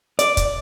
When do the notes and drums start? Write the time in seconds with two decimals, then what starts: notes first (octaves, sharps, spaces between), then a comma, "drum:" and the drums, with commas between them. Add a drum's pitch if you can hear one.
0.19 D5, drum: hi-hat
0.37 drum: kick, hi-hat